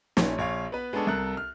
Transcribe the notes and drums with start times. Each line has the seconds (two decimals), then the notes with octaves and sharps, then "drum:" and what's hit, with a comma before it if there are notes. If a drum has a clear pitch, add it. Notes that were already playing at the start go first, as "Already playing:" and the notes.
0.17 A#1 C#4, drum: snare
0.38 A#1 C#5 F5
0.72 B3 B4
0.93 G#3 B3 C#4 D4 A4 C#5
1.07 C2 A4 A#4 F#6
1.37 F6